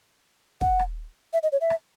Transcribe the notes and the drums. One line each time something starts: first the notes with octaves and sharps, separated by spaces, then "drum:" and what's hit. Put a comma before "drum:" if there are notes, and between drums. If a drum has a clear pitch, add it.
F#5, drum: kick
drum: rim click
E5
D#5
C#5
E5
drum: rim click